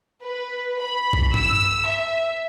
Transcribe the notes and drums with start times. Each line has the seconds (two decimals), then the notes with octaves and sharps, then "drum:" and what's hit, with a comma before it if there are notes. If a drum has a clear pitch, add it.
0.23 B4
0.80 B5
1.13 drum: kick
1.34 E6, drum: tom G2
1.87 E5